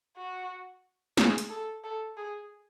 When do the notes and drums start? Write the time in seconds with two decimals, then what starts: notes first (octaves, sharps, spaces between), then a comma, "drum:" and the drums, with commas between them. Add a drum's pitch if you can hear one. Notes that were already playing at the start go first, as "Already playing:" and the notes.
0.17 F#4
1.17 G#4, drum: snare
1.38 drum: hi-hat
1.50 A4
1.84 A4
2.17 G#4